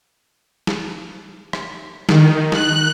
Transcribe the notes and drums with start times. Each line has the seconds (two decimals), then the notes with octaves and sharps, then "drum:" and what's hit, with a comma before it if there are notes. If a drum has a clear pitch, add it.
0.67 drum: snare
1.53 drum: rim click
2.09 D#3, drum: snare
2.52 F#6, drum: snare